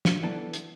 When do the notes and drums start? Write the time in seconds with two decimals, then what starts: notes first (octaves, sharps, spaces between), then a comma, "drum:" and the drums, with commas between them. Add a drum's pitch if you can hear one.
0.05 drum: snare
0.23 E3 B3 D4 A4
0.53 drum: hi-hat